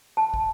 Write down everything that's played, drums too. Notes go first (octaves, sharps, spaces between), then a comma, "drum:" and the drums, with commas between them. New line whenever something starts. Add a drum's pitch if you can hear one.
A5
drum: kick